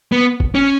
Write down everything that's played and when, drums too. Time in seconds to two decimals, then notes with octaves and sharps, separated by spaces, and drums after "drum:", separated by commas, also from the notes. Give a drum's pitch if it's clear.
0.12 B3
0.40 drum: kick
0.55 C#4